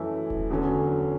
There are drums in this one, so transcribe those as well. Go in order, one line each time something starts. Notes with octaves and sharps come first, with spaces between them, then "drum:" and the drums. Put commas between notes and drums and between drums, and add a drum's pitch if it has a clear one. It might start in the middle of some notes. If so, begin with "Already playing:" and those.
Already playing: F#2 E3 A3 E4
drum: kick D#1
E2 D3 F#3 C#4